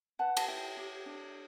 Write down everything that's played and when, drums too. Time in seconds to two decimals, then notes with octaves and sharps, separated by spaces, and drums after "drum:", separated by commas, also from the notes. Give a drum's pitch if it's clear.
0.19 B4 F#5 A5
0.37 A5, drum: cymbal
0.48 E4 E5 G5
0.77 G4
1.06 D4